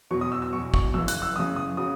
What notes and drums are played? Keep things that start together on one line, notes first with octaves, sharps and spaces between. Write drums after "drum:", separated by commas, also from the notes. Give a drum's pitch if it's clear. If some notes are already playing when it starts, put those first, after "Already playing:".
E2 B2 F#3 C#6
D#6
E6
E6
E2 B2 F#3 C#6
C#6, drum: kick
F#2 C#3 E3 E6
F#6, drum: hi-hat
E6
F#2 C#3 E3 D#6
D#6
C#3 F#3 D#6